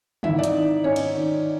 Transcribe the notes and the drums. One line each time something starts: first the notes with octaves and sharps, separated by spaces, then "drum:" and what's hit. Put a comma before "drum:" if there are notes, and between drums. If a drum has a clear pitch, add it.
G#2 E4 E5, drum: tom C#3
D5
D#4 D#5, drum: hi-hat
D#3
G#2 C#4 C#5
drum: cymbal
D#3